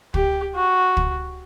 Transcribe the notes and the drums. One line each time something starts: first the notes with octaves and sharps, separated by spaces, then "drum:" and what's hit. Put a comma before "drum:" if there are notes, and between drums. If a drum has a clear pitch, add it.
G4, drum: kick
F#4
drum: kick